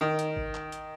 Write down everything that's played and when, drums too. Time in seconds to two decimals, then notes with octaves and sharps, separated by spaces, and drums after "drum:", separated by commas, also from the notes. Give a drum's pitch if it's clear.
0.01 D#3
0.19 drum: hi-hat
0.37 drum: kick
0.54 drum: clap
0.72 drum: hi-hat